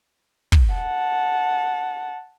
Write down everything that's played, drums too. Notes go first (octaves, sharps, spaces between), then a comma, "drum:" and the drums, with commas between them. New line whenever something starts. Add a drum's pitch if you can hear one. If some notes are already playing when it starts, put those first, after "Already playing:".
drum: kick
F#5 A5